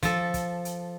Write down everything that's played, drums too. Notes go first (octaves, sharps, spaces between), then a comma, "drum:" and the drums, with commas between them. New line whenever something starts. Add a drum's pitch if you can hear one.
F3 A4, drum: kick, hi-hat
drum: kick, hi-hat
drum: hi-hat